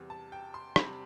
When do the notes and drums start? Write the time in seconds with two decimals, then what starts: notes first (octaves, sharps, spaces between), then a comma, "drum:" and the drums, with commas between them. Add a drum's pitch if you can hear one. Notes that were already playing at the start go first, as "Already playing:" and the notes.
Already playing: E2 C3 G3
0.10 A5
0.32 G5
0.54 C6
0.76 C3 G3 B5, drum: rim click